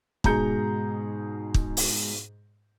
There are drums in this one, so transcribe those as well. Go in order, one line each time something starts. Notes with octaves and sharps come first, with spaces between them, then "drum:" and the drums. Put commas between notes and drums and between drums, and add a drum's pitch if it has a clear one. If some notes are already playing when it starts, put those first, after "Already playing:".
G#2 B2 G#4 A#5 G6 C#7, drum: kick
drum: kick
drum: open hi-hat